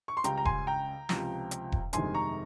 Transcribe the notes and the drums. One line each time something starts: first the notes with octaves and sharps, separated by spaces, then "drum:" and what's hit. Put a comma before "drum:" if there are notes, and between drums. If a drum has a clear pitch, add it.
C#6
C6
C#2 C#3 G3 G5 A#5, drum: hi-hat
A#5
G#5 C6, drum: kick E1
G5 A#5
C#2 C3 F3, drum: snare
drum: hi-hat
drum: kick E1
G1 F2 C3 D#3 G#3 G#5 C6, drum: hi-hat
A#5 C#6